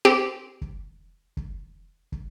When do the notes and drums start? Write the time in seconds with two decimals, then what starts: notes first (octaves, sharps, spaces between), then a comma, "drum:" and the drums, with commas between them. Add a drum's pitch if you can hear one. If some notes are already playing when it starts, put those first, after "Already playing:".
0.05 C4 G4
0.61 drum: kick
1.37 drum: kick
2.12 drum: kick